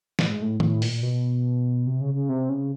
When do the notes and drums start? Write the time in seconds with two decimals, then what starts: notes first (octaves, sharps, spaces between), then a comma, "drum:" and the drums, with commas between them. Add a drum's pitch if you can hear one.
0.19 A2, drum: snare
0.30 G#2
0.42 A2
0.60 A2, drum: tom D#3
0.82 A#2, drum: open hi-hat
1.03 B2
1.87 C3
2.01 C#3
2.14 C#3
2.29 C3
2.49 C#3